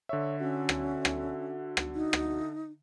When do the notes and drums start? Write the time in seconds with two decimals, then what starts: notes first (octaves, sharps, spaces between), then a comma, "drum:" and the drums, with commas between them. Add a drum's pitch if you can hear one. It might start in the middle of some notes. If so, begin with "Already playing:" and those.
0.09 D3 C#5 E5
0.40 C#4 F#4
0.69 drum: rim click
1.05 drum: rim click
1.77 drum: rim click
1.95 D#4
2.13 drum: rim click